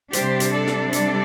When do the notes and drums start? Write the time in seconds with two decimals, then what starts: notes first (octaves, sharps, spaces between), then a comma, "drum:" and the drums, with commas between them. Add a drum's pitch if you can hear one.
0.13 C3 G3 D4 G4 C5, drum: hi-hat
0.40 drum: hi-hat
0.53 A4 D5
0.67 drum: snare
0.93 A4 D5, drum: hi-hat